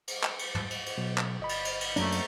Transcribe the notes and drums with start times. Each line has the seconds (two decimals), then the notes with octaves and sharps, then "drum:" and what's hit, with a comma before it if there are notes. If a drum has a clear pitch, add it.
0.08 drum: cymbal
0.23 drum: clap
0.39 drum: cymbal
0.55 drum: tom
0.70 drum: cymbal
0.86 drum: cymbal
0.98 B2 F#3
1.18 drum: clap
1.40 G1 D#5 B5
1.49 drum: cymbal
1.65 drum: cymbal
1.81 drum: cymbal
1.96 F#2 A3 A#3 D4, drum: cymbal
2.12 drum: cymbal